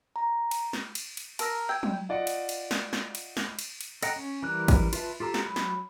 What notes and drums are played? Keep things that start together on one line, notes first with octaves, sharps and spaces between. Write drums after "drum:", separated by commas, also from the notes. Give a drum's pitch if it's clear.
A#5
drum: cymbal
drum: snare
drum: cymbal
drum: cymbal
A#4 A5 E6 A#6, drum: cymbal
G5 E6 G#6
drum: tom F#3
F4 D5 D#5 F#5
drum: cymbal
drum: cymbal
drum: snare
drum: snare
drum: cymbal
drum: snare
drum: cymbal
drum: cymbal
A4 D#5 F#5 G5 A#5, drum: cymbal
C#4
E3 G3 A#4 F#6
drum: kick A1, cymbal
F4 B4 E5 A5, drum: cymbal
F4 G4 A4 A#5
drum: snare
F#3 B5
drum: snare